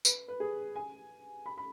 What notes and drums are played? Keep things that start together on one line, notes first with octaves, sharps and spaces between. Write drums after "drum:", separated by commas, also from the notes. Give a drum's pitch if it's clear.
B4, drum: tambourine
B4
G#4
G#5
B5
B5